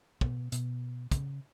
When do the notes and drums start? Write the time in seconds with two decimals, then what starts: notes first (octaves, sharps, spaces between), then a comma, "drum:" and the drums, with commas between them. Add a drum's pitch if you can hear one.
0.21 B2, drum: kick
0.52 B2, drum: hi-hat
1.12 C#3, drum: kick, hi-hat